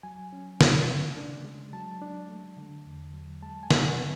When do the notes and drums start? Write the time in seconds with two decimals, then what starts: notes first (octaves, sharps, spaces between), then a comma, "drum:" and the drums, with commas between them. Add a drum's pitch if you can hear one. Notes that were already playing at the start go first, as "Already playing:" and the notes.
0.03 F#3 G#5
0.33 C#4
0.61 A3, drum: snare
0.88 C#3
1.17 D4
1.45 G#3
1.73 F#3 A5
2.02 D4
2.29 A3
2.57 D3
2.86 E2
3.13 F#3
3.43 G#3 A5
3.63 G#5
3.70 D4, drum: snare
3.85 F#5
3.98 B3